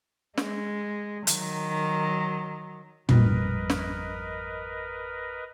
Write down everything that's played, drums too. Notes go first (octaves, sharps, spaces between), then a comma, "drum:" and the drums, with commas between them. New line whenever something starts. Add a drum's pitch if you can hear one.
G#3, drum: snare
D#3 F#3, drum: hi-hat
G#1 F2 G3 A#4 B4 D#5, drum: tom
drum: snare